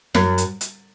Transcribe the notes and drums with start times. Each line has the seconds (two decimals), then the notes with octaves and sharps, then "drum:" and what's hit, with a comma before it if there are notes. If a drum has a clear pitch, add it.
0.15 F#2, drum: snare
0.38 drum: hi-hat
0.61 drum: hi-hat